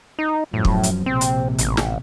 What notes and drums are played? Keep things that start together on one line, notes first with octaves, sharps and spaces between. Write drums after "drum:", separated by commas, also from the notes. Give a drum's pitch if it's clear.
D#4
F#2 A2 F3
drum: kick
drum: hi-hat
A#1 C3 C4
drum: hi-hat
A1, drum: hi-hat
drum: snare